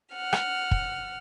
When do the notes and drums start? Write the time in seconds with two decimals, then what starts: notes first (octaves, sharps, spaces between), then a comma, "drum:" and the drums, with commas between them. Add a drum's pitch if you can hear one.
0.13 F#5 F6
0.33 drum: rim click
0.71 drum: kick